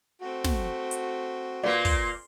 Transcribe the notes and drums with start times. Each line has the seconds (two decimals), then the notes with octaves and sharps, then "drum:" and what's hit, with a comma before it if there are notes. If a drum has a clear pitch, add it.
0.21 A3 C4 F#4
0.44 drum: snare
0.91 drum: hi-hat
1.63 A#2 A#3 B4 D5 C6
1.85 drum: kick, open hi-hat